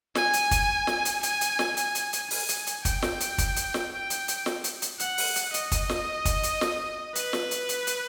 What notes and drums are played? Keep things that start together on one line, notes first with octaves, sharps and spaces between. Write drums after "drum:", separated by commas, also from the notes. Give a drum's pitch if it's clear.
G#5, drum: snare
drum: hi-hat
drum: kick, hi-hat
drum: snare
drum: hi-hat
G#5, drum: hi-hat
drum: hi-hat
drum: snare
G#5, drum: hi-hat
drum: hi-hat
drum: hi-hat
G#5, drum: open hi-hat
drum: hi-hat
drum: hi-hat
G5, drum: kick, hi-hat
drum: snare
drum: hi-hat
drum: kick, hi-hat
drum: hi-hat
drum: snare
G5
drum: hi-hat
drum: hi-hat
drum: snare
drum: hi-hat
drum: hi-hat
F#5, drum: hi-hat
drum: open hi-hat
drum: hi-hat
D#5, drum: hi-hat
drum: kick, hi-hat
drum: snare
drum: kick, hi-hat
drum: hi-hat
drum: snare
B4, drum: hi-hat
drum: snare
drum: hi-hat
drum: hi-hat
drum: hi-hat